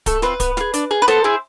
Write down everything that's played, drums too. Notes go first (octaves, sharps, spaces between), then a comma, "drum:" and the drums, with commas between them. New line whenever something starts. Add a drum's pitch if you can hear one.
A3 A4, drum: kick D1, hi-hat
C4 F4 B4, drum: snare
B3, drum: kick D1, hi-hat
F4, drum: snare
G#4
D4, drum: hi-hat
G#4
B4
B3 A4 C5, drum: snare
E4 G#4